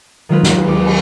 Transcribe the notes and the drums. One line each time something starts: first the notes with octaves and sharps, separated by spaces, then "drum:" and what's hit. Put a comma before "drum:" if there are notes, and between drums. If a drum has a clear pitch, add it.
D#3 F#3 G#3 F4 A#4 B4
drum: snare
drum: cymbal
D#2 D6
drum: cymbal